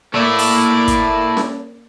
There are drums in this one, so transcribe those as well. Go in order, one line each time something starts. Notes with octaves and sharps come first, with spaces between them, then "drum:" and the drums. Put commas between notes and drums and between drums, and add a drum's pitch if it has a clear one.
A3 A#3 E4 D5
drum: open hi-hat
drum: kick, hi-hat
drum: snare C#4